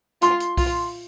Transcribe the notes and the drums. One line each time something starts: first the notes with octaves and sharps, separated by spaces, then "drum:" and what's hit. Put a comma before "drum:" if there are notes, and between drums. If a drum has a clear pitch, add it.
F4 C6, drum: hi-hat
drum: hi-hat
F4, drum: kick B1, open hi-hat